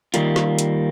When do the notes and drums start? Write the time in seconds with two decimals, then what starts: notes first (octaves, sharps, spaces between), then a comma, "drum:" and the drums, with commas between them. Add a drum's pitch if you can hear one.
0.14 D#3 G3 A#3 F4, drum: hi-hat
0.36 drum: snare
0.59 drum: hi-hat